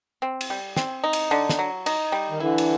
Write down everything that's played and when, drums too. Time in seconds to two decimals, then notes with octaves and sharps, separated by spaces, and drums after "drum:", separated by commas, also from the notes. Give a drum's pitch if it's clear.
0.22 C4
0.41 drum: cymbal
0.50 G3
0.76 C4, drum: snare
1.04 D#4
1.13 drum: cymbal
1.31 D3
1.49 drum: snare
1.59 F#3
1.86 D#4, drum: cymbal
2.12 G3
2.30 D#3
2.40 D3 E3 E4
2.58 drum: cymbal